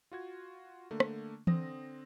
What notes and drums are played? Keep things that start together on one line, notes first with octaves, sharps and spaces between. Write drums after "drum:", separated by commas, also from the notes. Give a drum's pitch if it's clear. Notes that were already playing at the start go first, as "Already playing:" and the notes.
F4 F#4 G#6
D3 A3 A#3
drum: rim click
D3 C4 D#6 A#6, drum: tom E3